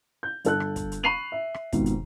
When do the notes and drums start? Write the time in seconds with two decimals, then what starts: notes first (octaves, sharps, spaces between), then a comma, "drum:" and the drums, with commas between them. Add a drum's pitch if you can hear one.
0.23 G6
0.45 G1 A4 F#6, drum: hi-hat
0.60 drum: rim click
0.76 drum: kick, hi-hat
0.92 drum: hi-hat
1.03 B5 C#6 C7 D#7 F7 F#7
1.32 E5
1.54 drum: rim click
1.73 F2 G#2 B2 D#3, drum: kick, hi-hat
1.86 drum: hi-hat